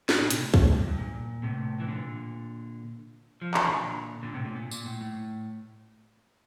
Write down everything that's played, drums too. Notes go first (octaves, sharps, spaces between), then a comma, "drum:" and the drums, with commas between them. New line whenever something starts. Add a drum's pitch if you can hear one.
A2, drum: snare
A#2
A2 C3, drum: hi-hat
A2, drum: kick
G2
G2
G2
A#2
A2 C3
E3
A#2 D3
F3
E3, drum: clap
A#2 D3
A#2 D3
A2 C3
A#2
A#2
A#2, drum: tambourine
A2
A2